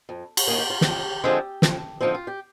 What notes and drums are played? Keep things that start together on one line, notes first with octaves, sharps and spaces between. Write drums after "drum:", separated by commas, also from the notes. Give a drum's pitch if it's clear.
F2
drum: cymbal
D#3 A#3 G#4
G4
F4
F2 G4, drum: snare
D3 F3 G#3 C4
F2, drum: snare
D3 F3 G#3 C4 D#4
F4
G4